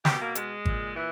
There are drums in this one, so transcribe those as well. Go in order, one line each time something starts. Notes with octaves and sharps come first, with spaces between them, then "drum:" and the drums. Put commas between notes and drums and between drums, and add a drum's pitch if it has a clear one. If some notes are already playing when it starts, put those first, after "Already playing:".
B2 G4, drum: snare
A#3
G#3, drum: hi-hat
A#2, drum: kick G#1
E3